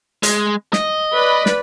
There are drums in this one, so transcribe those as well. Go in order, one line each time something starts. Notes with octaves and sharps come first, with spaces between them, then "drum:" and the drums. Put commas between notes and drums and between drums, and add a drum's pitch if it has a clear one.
G#3, drum: hi-hat
D#5, drum: snare
B4 D5 B5
drum: snare